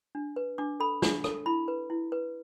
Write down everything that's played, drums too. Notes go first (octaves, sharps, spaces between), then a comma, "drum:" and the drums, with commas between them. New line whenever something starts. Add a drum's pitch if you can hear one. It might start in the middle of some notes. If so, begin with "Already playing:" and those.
D4
B4
D4 D6
A4 B5
D4, drum: snare
A4, drum: rim click
E4 B5
B4
E4
B4